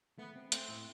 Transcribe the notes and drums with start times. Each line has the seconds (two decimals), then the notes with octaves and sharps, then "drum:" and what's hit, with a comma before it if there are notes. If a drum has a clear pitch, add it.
0.18 A3 B3
0.36 C4
0.52 A3 C4, drum: hi-hat
0.69 A2